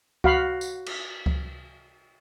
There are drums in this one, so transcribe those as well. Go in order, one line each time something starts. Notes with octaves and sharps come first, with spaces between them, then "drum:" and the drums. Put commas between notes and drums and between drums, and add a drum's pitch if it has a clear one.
F#4 F5 B5, drum: kick C#2
drum: tambourine
drum: cymbal
drum: kick C#2